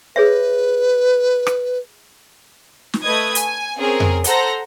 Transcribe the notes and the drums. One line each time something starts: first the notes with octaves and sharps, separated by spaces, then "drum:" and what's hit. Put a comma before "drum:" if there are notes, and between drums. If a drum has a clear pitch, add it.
G#4 B4 C#5 E5
drum: rim click
drum: snare
A3 B4 D#5 D#6 G#6
G#5, drum: hi-hat
C4 C#4 G#4 A#4
drum: tom F2
A4 C5 F#5 A#5 A#6, drum: hi-hat